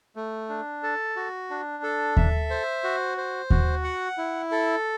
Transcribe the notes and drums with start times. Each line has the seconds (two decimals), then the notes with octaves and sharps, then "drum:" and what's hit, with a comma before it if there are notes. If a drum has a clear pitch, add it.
0.16 A3
0.49 D4
0.83 A4
1.16 F#4
1.50 D4
1.83 A4
2.17 E5, drum: kick D#2
2.50 C5
2.84 F#4
3.17 C5
3.50 F#4, drum: kick D#2
3.84 F#5
4.18 E4
4.51 A4